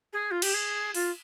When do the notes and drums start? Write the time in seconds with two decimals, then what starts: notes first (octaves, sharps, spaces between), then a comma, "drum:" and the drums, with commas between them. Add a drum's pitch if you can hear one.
0.13 G#4
0.31 F4
0.42 G4, drum: cymbal
0.54 G#4
0.95 F4, drum: open hi-hat